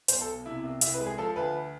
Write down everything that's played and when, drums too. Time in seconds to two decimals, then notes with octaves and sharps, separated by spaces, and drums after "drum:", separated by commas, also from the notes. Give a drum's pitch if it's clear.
0.08 B1 C5, drum: hi-hat
0.21 A4
0.27 B2
0.46 C3 E4
0.63 C2
0.81 C2 E4, drum: hi-hat
0.94 B4
1.00 G#3
1.06 G#4
1.18 F3 A4
1.36 D2 B4